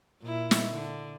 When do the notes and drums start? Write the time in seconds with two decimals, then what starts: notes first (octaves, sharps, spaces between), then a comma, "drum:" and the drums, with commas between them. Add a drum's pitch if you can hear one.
0.21 A#2 E4
0.51 drum: snare
0.71 D3